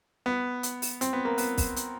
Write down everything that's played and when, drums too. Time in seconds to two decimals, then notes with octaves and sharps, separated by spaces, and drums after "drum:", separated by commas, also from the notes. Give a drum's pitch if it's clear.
0.26 B3
0.63 drum: hi-hat
0.82 drum: open hi-hat
1.01 C4, drum: hi-hat
1.13 B3
1.25 A#3
1.38 B3, drum: open hi-hat
1.58 drum: kick, open hi-hat
1.76 drum: hi-hat